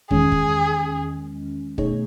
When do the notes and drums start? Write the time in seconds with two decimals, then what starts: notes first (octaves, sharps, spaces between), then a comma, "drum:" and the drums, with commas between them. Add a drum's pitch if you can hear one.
0.11 E2 D#3 G#3 C#4 G#4, drum: kick
0.32 drum: kick
1.78 B2 A3 D#4 G#4 C#5, drum: kick